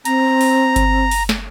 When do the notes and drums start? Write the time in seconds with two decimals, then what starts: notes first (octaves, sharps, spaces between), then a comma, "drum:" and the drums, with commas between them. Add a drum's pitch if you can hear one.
0.05 C4 A#5, drum: hi-hat
0.41 drum: open hi-hat
0.76 drum: kick G1, hi-hat
1.11 drum: open hi-hat
1.29 drum: snare